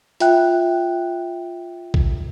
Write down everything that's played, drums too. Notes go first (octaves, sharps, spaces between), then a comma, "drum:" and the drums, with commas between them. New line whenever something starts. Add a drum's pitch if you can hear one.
F4 E5 G5 F#6, drum: hi-hat
drum: kick